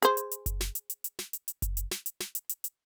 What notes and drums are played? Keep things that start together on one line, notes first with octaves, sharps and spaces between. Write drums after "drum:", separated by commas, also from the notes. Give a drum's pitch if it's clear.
G#4 C5, drum: hi-hat
drum: hi-hat
drum: hi-hat
drum: kick F#1, hi-hat
drum: snare
drum: hi-hat
drum: hi-hat
drum: hi-hat
drum: snare
drum: hi-hat
drum: hi-hat
drum: kick F#1, hi-hat
drum: hi-hat
drum: snare
drum: hi-hat
drum: snare
drum: hi-hat
drum: hi-hat
drum: hi-hat